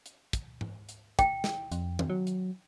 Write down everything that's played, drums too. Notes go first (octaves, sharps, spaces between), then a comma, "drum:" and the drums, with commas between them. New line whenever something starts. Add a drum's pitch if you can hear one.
drum: hi-hat
drum: kick, hi-hat
drum: tom G#2
drum: hi-hat
G5, drum: kick, hi-hat
drum: snare
F2, drum: hi-hat
drum: tom D#3
F#3
drum: hi-hat